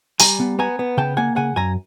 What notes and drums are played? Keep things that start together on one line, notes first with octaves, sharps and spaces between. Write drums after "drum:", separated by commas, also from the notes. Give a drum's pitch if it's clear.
G3 G#5 A#5, drum: open hi-hat
B3
B3 G#5 A#5
B3
C#3 G5 A5
A#3 F#5 G#5
C#3 F#5 G#5
F#2 G#5 A#5